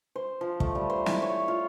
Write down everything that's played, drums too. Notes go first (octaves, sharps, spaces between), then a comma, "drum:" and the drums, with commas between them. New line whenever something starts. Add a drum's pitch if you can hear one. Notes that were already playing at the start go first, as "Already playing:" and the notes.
C5
F3
A3, drum: kick
G3
C5
E4, drum: snare
C#5
F4